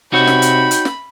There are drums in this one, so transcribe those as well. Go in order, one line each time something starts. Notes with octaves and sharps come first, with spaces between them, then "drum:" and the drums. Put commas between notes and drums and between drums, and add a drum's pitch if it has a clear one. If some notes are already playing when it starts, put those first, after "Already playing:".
C3 D#4 F#4 C#5 G5 B5
drum: snare
drum: hi-hat
drum: hi-hat
drum: snare